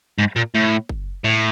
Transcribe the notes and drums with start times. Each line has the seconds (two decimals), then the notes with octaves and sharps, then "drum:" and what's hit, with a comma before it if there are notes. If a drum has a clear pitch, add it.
0.19 G#2
0.36 A#2
0.55 A2
0.89 drum: kick F#1
1.24 A2